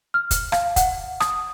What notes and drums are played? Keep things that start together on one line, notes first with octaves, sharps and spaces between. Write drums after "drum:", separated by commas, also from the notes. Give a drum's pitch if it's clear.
F6
drum: kick, hi-hat
F5, drum: rim click
F#5, drum: kick, hi-hat
D#6, drum: rim click